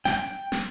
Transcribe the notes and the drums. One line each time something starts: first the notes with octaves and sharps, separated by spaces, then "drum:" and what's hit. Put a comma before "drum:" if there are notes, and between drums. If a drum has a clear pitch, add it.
G5, drum: snare
drum: snare